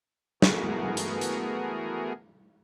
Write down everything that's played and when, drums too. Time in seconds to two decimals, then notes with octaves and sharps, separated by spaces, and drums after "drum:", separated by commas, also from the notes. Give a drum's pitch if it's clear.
0.42 E3 A3 B3 F#4 G#4 A#4, drum: snare
0.97 drum: hi-hat
1.21 drum: hi-hat